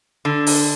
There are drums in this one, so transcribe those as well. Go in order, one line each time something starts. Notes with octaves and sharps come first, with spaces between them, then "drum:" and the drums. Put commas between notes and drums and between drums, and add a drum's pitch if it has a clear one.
D3
drum: open hi-hat